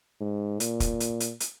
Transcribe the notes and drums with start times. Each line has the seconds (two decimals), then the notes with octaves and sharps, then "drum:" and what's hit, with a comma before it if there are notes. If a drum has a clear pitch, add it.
0.21 G#2
0.60 A#2, drum: hi-hat
0.80 drum: kick, hi-hat
1.00 drum: hi-hat
1.20 drum: hi-hat
1.40 drum: hi-hat